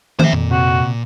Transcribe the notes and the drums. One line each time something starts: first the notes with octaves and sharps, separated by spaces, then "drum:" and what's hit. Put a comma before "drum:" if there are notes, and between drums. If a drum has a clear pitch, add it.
F3 C5 E5, drum: tom D#3
F2 A#2
C3 F#4